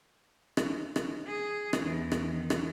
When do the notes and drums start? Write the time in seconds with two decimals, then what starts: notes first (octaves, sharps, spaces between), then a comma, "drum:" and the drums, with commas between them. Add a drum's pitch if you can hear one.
0.57 drum: rim click
0.96 drum: rim click
1.27 G#4
1.73 drum: rim click
1.82 E2
2.12 drum: rim click
2.31 D#3
2.50 drum: rim click